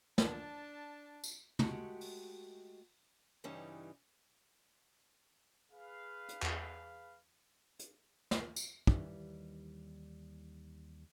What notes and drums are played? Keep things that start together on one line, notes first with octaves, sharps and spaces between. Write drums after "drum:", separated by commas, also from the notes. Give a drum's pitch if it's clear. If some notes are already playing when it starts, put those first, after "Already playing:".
D4 A5, drum: snare
drum: tambourine
G#3 A3 F#4 G4, drum: tom
drum: open hi-hat
G2 C#3 E3 G3 C#4 D#4
G#4 B4 F5
drum: hi-hat
E2, drum: clap
drum: hi-hat
drum: snare
drum: tambourine
D#2 D#3 E3 G3, drum: kick